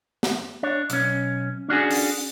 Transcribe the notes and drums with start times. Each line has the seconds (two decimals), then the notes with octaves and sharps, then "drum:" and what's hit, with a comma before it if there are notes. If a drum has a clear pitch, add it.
0.23 drum: snare
0.63 D4 C#5
0.90 B1 C#4, drum: hi-hat
1.69 C#4 D4 F#4 G#4
1.91 drum: open hi-hat